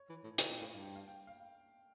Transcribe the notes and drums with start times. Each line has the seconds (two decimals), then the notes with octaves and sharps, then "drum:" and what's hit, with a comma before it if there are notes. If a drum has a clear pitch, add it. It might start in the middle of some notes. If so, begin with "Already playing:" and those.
Already playing: C#5
0.09 E3
0.24 A2
0.38 C#3 E5, drum: hi-hat
0.50 A#2 G5
0.61 A2 F5
0.72 G2
0.83 G5
0.95 F5
1.08 G5
1.27 F5